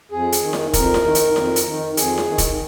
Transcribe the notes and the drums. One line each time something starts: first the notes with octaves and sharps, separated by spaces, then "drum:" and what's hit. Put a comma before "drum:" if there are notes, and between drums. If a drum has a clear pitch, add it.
F2 G#4
drum: hi-hat
D#3
drum: snare E4
F2 A#4, drum: kick, hi-hat
drum: snare E4
D#3
drum: hi-hat
F2, drum: snare E4
drum: hi-hat
D#3
F2 G#4, drum: hi-hat
drum: snare E4
D#3
drum: kick, hi-hat